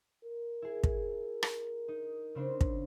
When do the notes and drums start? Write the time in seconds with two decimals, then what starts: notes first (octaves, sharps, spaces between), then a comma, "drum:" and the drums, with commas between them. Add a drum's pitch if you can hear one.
0.25 A#4
0.62 E4 G#4
0.84 drum: kick
1.43 drum: rim click
1.88 D#4
2.35 C#3 C4 D4
2.61 drum: kick